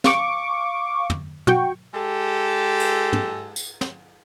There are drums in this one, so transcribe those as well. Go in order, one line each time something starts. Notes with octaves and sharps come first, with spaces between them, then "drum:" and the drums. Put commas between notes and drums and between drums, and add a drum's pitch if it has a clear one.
F5 C#6 D6, drum: snare
drum: tom
F#4 G5 C#6, drum: tom
G#3 G4 A4
drum: cymbal
drum: tom
drum: tambourine
drum: snare